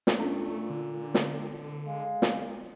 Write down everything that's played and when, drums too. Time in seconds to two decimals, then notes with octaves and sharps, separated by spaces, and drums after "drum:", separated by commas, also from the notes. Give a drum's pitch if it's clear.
0.07 drum: snare
0.19 A#2 A3 C#4 D4 F4 A4
0.70 D3
1.14 drum: snare
1.86 G#3 F5
2.22 drum: snare